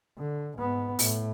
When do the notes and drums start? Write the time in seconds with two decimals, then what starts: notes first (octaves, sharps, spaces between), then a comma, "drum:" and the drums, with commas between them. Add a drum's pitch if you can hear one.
0.18 D3
0.58 G#2 B3
0.99 A2, drum: open hi-hat